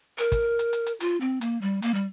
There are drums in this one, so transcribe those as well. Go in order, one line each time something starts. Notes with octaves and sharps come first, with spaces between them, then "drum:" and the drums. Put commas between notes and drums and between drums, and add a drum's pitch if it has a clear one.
A#4, drum: hi-hat
drum: kick, hi-hat
drum: hi-hat
drum: hi-hat
drum: hi-hat
F4, drum: hi-hat
C4
A#3, drum: hi-hat
G3
A#3, drum: hi-hat
G3